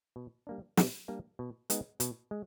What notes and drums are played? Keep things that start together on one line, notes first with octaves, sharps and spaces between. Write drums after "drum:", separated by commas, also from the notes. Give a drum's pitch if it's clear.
B2
G3 A#3 D4
B2, drum: snare
G3 A#3 D4
B2
G#3 B3 D#4, drum: hi-hat
B2, drum: hi-hat
G#3